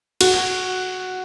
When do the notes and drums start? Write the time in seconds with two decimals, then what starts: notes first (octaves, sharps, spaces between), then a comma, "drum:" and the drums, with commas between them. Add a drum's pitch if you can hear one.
0.21 F#4, drum: cymbal